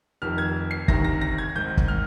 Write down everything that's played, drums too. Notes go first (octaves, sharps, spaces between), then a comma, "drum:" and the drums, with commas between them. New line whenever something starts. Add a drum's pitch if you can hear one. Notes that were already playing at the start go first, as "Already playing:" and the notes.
F1 F2 D#3 F6
G#6
C7
D2 C3 D#3 A#6, drum: kick
A#6
A#6
G#6
G#1 G#2 D#3 G6
drum: kick
F6